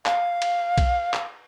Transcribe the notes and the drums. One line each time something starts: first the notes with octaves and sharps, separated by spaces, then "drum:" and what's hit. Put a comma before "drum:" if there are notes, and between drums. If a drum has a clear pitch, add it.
F5, drum: clap
drum: cymbal
drum: kick B1, cymbal
drum: clap